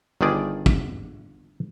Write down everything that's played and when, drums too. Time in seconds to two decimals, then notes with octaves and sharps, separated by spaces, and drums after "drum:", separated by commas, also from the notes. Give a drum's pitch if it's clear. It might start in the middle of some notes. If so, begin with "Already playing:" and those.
0.21 G1 G2 D#3 G#4 D5
0.66 drum: kick